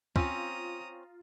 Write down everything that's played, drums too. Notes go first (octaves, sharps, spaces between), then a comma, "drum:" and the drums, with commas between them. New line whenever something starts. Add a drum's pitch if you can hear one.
C4 C#4 F4 A#5 D#6, drum: kick